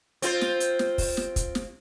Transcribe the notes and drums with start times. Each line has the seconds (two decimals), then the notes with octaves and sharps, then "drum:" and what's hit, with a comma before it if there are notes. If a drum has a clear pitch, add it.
0.22 C4 F4 C5, drum: hi-hat
0.41 drum: snare
0.60 drum: hi-hat
0.79 drum: snare
0.98 drum: kick, open hi-hat
1.17 drum: snare
1.36 drum: kick, hi-hat
1.55 drum: snare